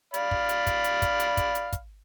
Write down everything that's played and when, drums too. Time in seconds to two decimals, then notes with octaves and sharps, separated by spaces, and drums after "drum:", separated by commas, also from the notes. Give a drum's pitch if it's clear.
0.14 D5 F5 B5, drum: hi-hat
0.31 drum: kick
0.49 drum: hi-hat
0.67 drum: kick, hi-hat
0.84 drum: hi-hat
1.02 drum: kick, hi-hat
1.20 drum: hi-hat
1.37 drum: kick, hi-hat
1.55 drum: hi-hat
1.73 drum: kick, hi-hat